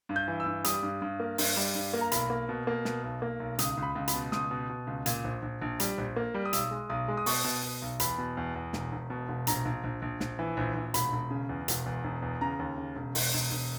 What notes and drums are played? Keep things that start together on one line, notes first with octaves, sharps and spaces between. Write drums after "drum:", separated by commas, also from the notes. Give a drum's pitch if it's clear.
G2
G6
E3
E6
G2
G3 D#6, drum: hi-hat
G2
G2
A#3
G2, drum: open hi-hat
G3
G2
A#3
A#5
B1 B5, drum: hi-hat
A#3
B2
A#3
B2, drum: snare
B1
A#3
B1
C#2 D#6, drum: hi-hat
C#2
B5
C#2
B5, drum: hi-hat
B2
C#2 D#6, drum: snare
B2
B2
C#2
A#2, drum: hi-hat
A#1
A#1
A#1
G3, drum: hi-hat
A#1
A#3
G3
D#6
B1 E6, drum: hi-hat
G#3
B1 D#6
G#3
D#6
B2 C#6, drum: open hi-hat
B2
B2
B1
E2 B5, drum: hi-hat
B2
E2
E2
E1, drum: snare
E1
B2
E1
A#1 A#5, drum: hi-hat
A#1
A#1
A#1
A#1, drum: snare
E3
A#1
A#1
E1 B5, drum: hi-hat
E1
C#3
E2
E1, drum: hi-hat
E2
E1
E2
C#3 A#5
D#2
C#3
E1
E1, drum: open hi-hat
E1
E1